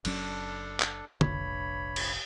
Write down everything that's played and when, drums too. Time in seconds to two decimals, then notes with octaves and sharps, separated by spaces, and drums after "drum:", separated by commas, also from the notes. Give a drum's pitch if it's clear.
0.05 F#1 F#3 C#4 D4 A4, drum: cymbal
0.80 drum: clap
1.21 F1 A#1 G2 C#5 B5, drum: tom
1.96 drum: cymbal